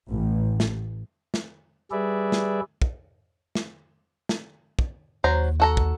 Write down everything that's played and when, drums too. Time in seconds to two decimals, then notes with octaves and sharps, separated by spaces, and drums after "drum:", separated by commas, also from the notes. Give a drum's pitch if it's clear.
0.11 A1
0.60 drum: snare
1.34 drum: snare
1.92 G3 G#4 B4 D5 E5
2.32 drum: snare
2.82 drum: kick
3.55 drum: snare
4.29 drum: snare
4.79 drum: kick
5.24 D#2 F#3 C5 A#5
5.60 F#4 A4 A#5
5.77 drum: kick